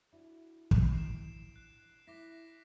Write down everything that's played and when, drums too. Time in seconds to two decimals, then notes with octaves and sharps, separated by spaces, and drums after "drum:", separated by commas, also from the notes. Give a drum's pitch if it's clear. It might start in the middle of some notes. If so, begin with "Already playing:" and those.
0.12 D4 E4 F#4
0.71 D7, drum: kick
0.93 C7 E7
1.56 F#6 C7
2.07 E4 D6 A#6 B6